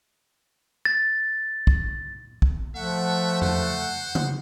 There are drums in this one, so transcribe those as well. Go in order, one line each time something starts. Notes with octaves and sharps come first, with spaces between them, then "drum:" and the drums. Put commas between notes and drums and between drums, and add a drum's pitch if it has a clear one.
A6
drum: kick
drum: kick
F3 A3 E5 F#5
C5, drum: tom E2
drum: tom C#3